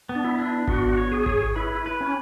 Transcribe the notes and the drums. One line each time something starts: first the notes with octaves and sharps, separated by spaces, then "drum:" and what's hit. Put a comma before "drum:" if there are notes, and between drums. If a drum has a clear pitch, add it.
B3
D4
E4
D4
B3 F#4, drum: kick G#1
C#5
G#4
C#5, drum: kick G#1
E4 B4
B4
C#4